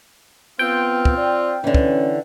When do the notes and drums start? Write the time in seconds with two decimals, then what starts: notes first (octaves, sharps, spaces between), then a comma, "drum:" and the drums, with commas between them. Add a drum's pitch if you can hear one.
0.59 B3 C4 F4 G5
1.05 drum: kick
1.17 D5
1.64 D3 E3 C#4
1.74 drum: kick